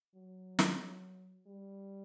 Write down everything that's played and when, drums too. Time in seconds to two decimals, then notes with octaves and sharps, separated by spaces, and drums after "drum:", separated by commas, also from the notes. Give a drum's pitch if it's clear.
0.15 F#3
0.59 drum: snare
1.47 G3